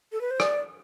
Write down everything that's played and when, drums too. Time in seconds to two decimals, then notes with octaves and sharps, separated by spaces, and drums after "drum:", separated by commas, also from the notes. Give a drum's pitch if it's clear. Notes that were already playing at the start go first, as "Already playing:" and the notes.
0.12 A4
0.21 B4
0.31 C5
0.40 D5, drum: rim click